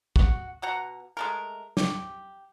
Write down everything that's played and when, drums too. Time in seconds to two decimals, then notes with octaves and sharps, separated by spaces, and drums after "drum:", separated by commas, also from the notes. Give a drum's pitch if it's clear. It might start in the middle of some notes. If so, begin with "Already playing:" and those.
0.16 F#4, drum: kick
0.62 B2 F#4 F#5 A#5
1.17 G#3 A3 A#4
1.77 G4, drum: snare